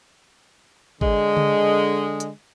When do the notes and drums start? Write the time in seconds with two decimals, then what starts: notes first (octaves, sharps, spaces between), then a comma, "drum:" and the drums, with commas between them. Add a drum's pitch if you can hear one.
1.01 D3 G#3, drum: kick G#1
1.37 drum: tom C#3
2.20 drum: hi-hat